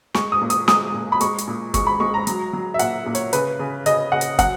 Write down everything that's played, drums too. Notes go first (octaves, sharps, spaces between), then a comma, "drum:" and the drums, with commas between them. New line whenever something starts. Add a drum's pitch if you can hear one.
G#3 C#6, drum: snare
D#6
A#2
D#6, drum: hi-hat
G#3 D#6, drum: snare
A#2
B5
G#3 C#6, drum: hi-hat
drum: hi-hat
A#2
G#3 C#6, drum: kick, hi-hat
B5
G#3 C#6
A#5
F#3, drum: hi-hat
F#3
E5
A#2 F#5, drum: hi-hat
A#2
C#5, drum: hi-hat
C#3 B4, drum: hi-hat
C#3
C#3 D#5, drum: hi-hat
C#3 F#5
drum: hi-hat
F#3 F#5, drum: kick, hi-hat